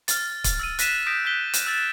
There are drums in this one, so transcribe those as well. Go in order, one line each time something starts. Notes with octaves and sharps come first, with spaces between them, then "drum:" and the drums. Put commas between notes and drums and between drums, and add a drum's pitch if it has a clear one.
F6 A6, drum: hi-hat
drum: kick C#1, hi-hat
E6 A6 D#7
F#6 A#6 B6 D#7 E7, drum: hi-hat
D#6 G6 A#6 B6 D7
F#6 G6 B6 G7
drum: hi-hat
E6 F#6 A6 E7